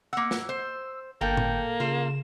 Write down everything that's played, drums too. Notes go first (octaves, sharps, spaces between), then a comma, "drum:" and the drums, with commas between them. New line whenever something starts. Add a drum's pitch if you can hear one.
A#3 F#5 E6
drum: snare
C5
G1 A#3 A4 G5 G6
drum: tom A2
C#3 F4 E7